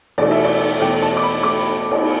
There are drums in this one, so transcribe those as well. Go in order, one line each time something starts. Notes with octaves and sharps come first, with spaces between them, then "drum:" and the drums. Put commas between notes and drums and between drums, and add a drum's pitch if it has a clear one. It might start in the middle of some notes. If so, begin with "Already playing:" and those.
E2 B2 A3 D5, drum: cymbal
E5
D5
E2 B2 A3 G5
A5
D6
B5
A3 D6
drum: cymbal